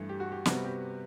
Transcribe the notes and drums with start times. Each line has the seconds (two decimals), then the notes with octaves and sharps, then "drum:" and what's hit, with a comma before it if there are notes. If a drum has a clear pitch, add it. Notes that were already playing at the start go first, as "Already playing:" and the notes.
Already playing: G2 E3 A3
0.09 G4
0.20 F#4
0.32 G4
0.46 C3 G3 B3 F#4, drum: snare
0.65 G4